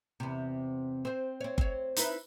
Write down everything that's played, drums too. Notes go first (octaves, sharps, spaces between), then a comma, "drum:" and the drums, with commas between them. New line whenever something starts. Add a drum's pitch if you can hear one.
E2 C3
C4 C5
C4 C#5
C4 C#5, drum: kick G1
D#4 E4 B4, drum: hi-hat